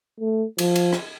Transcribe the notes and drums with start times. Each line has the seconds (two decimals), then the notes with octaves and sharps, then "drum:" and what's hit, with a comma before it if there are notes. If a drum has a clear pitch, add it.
0.20 A3
0.58 F3, drum: cymbal
0.76 drum: cymbal
0.93 drum: rim click